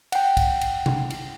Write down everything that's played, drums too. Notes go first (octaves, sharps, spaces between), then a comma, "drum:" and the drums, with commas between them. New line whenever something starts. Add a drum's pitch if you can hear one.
F#5 G5, drum: cymbal
drum: kick, cymbal
drum: cymbal
drum: tom B2
drum: cymbal